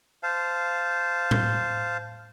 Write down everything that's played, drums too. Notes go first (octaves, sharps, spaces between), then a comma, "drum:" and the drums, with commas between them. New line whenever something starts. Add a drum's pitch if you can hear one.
C5 F5 A5
drum: tom A2